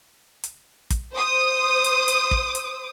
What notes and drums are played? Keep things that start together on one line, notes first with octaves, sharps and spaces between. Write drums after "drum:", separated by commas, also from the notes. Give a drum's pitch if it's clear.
drum: hi-hat
drum: kick, hi-hat
C5 D#6
drum: hi-hat
drum: hi-hat
drum: kick
drum: hi-hat